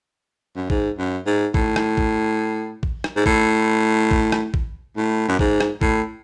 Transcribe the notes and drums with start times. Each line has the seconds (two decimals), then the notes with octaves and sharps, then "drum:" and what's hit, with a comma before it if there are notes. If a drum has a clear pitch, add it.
0.56 F#2
0.70 G#2, drum: kick
0.98 F#2
1.26 G#2
1.54 A2, drum: kick
1.76 drum: rim click
1.97 drum: kick
2.83 drum: kick
3.04 drum: rim click
3.16 G#2
3.26 A2, drum: kick
4.11 drum: kick
4.32 drum: rim click
4.54 drum: kick
4.97 A2
5.28 F#2
5.39 G#2, drum: kick
5.60 drum: rim click
5.81 A2, drum: kick